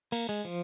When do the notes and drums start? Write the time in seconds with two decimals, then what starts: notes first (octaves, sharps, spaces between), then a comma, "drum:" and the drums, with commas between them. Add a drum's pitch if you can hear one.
0.12 A#3, drum: cymbal
0.29 G#3
0.45 F3